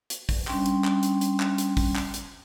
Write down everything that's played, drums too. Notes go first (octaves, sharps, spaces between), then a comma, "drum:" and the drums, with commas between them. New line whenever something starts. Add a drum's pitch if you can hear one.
drum: hi-hat
drum: kick, open hi-hat
G3 C#4 D4 G5 C6, drum: clap
drum: hi-hat
drum: clap
drum: hi-hat
drum: hi-hat
drum: clap
drum: hi-hat
drum: kick, open hi-hat
drum: clap
drum: hi-hat